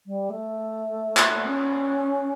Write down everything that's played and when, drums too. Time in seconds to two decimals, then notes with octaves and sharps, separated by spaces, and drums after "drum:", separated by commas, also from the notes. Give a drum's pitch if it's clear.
0.07 G3
0.30 A3
1.17 drum: clap
1.47 C#4